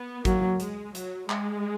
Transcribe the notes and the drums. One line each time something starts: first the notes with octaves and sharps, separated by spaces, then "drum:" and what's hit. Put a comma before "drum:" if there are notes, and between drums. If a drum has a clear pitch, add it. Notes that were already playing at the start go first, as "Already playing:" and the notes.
Already playing: B3
F#3 A#3, drum: kick, hi-hat
G#3, drum: hi-hat
F#3, drum: hi-hat
G#3, drum: clap